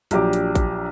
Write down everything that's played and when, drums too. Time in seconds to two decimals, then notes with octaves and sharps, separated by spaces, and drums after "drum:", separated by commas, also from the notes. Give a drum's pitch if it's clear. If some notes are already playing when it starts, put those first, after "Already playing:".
0.11 A#1 F#3 D4 G4 D6, drum: hi-hat
0.33 drum: hi-hat
0.55 drum: kick A1, hi-hat